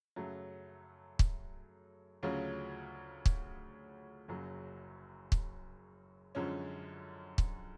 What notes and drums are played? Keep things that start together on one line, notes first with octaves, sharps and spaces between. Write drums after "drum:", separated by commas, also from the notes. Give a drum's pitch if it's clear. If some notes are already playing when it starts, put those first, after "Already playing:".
F#2 C#3 F#3 A3
drum: kick
D2 C#3 F#3 C#4 F4
drum: kick
F#1 F#2 C#3 F#3
drum: kick
F#2 D3 F3 G#3 C#4
drum: kick